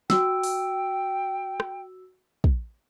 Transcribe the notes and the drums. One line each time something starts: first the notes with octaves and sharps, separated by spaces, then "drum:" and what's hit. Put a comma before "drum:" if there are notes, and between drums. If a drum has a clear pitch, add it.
F#4 G5 E6, drum: snare
drum: open hi-hat
drum: rim click
drum: kick